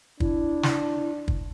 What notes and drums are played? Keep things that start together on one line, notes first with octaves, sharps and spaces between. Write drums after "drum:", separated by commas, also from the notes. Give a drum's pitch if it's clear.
D4 E4, drum: kick
drum: snare
drum: kick